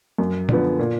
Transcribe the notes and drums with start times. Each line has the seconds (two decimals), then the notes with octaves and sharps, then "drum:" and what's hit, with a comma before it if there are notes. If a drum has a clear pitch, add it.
0.18 F#2
0.49 D3 F3 B3, drum: tom
0.79 A#2